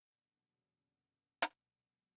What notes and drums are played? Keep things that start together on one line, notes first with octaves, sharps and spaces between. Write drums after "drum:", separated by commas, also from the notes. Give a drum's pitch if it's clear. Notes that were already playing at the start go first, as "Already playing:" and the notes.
E2 A#2 D3 F#3
G2 B2
B2
A#2 C#3
A#2 C#3
C#2 B2 F#3 B3, drum: hi-hat